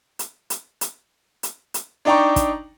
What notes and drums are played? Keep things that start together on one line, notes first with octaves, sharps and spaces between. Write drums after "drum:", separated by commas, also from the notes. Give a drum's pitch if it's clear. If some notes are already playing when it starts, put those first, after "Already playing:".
drum: hi-hat
drum: hi-hat
drum: hi-hat
drum: hi-hat
drum: hi-hat
D4 D#4 D5 G5 A#5 C#6
drum: kick, hi-hat